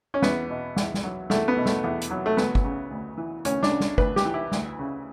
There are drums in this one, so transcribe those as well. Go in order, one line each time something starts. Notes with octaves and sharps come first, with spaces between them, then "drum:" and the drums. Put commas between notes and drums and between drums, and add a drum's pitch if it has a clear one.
C#4
E2 B3, drum: snare
B2
E2, drum: snare
drum: snare
F#3
E2 A3, drum: snare
B3
B2
A3, drum: snare
E2
drum: hi-hat
F#3
A3
D2 B3, drum: snare
drum: kick
C#3
D2
E3
D2 C#4, drum: hi-hat
D4, drum: snare
C#3
drum: snare
D2 B4, drum: kick
G4, drum: snare
E3
E4
D2, drum: snare
C#3